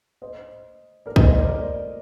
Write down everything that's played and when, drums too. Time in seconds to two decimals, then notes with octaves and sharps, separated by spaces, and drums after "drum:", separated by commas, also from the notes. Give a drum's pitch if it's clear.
0.22 C5 D#5
1.06 A#4 D5
1.16 C5 D#5, drum: kick
1.27 C5 D#5
1.38 A#4 D5
1.48 A#4 D5